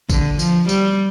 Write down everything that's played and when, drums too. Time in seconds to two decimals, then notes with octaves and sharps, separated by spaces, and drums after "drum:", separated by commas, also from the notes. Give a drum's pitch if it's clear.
0.10 D3, drum: kick G#1, tambourine
0.39 F3, drum: tambourine
0.69 G3, drum: tambourine